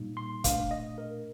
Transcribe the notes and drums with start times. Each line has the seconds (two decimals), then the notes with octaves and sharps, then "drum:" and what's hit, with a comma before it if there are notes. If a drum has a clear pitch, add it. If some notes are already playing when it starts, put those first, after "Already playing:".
Already playing: A#2 G3 A#3 D#4
0.17 C6
0.44 A#2 A3 D4 F5, drum: kick, hi-hat
0.71 D#5
0.98 A#4